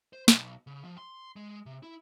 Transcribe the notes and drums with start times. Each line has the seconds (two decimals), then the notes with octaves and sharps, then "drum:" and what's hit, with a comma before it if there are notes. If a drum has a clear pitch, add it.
0.13 C5
0.28 B1, drum: snare
0.67 C#3
0.84 F3
0.98 C6
1.36 G#3
1.66 C3
1.83 E4